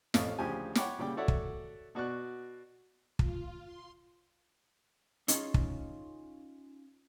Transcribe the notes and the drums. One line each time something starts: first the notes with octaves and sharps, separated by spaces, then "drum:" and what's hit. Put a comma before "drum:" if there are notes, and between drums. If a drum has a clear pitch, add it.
A1 F2 A3 F5 C#6, drum: snare
D2 C#3 F3 G4 G#5
C#5 F#5 G5 B5 C#6 D6, drum: snare
A#2 C#3 G3 G5 D6
F#4 A4 C#5 D5 E5 F#5
drum: kick
B2 F#4 D5 C#6 F#6
F4, drum: kick
C6
C#4 D#4 F4 G#4 C#5, drum: hi-hat
drum: kick